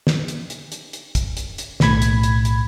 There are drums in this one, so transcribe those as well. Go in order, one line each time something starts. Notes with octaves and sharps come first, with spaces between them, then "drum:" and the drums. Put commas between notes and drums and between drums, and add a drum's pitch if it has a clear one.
drum: snare
drum: hi-hat
drum: hi-hat
drum: hi-hat
drum: hi-hat
drum: kick, hi-hat
drum: hi-hat
drum: hi-hat
B1 A2 B5 G#6, drum: snare
drum: hi-hat
drum: hi-hat
drum: hi-hat